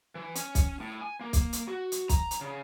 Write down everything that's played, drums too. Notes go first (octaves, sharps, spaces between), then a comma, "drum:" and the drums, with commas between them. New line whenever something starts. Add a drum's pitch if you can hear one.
E3
C#4, drum: hi-hat
drum: kick, hi-hat
A2
G#5
A#3
drum: kick, hi-hat
drum: hi-hat
F#4
drum: hi-hat
A#5, drum: kick, hi-hat
drum: hi-hat
C#3